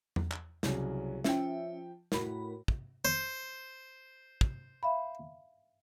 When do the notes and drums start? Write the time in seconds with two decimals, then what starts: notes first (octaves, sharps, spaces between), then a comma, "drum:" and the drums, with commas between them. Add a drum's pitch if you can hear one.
0.16 drum: tom E2
0.32 drum: clap
0.63 C2 C#3 F#3, drum: snare
1.24 F3 C#4 E5 G5, drum: snare
2.12 A2 F#4 A#4 B5, drum: snare
2.68 drum: kick
3.05 C5
4.41 drum: kick
4.83 E5 F5 B5